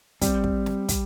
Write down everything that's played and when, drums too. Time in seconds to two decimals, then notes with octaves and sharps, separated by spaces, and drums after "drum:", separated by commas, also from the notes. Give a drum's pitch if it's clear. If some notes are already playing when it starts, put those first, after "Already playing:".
0.21 G3 C4, drum: kick, hi-hat
0.44 drum: kick
0.66 drum: snare
0.89 drum: kick, hi-hat